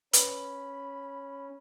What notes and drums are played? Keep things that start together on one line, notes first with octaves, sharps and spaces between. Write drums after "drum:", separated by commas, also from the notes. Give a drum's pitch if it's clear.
C#4 B4 B5, drum: hi-hat